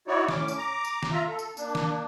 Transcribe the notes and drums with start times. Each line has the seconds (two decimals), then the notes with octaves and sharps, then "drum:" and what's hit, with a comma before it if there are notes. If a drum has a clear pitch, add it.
0.08 D#4 E4 F#4 C#5 D5
0.28 A2 C#4 D6, drum: snare
0.48 drum: tambourine
0.58 A#5 D6
0.84 drum: tambourine
1.03 drum: snare
1.12 F4 E5 A#5
1.26 A4
1.39 drum: tambourine
1.57 A#3 D4, drum: tambourine
1.75 drum: snare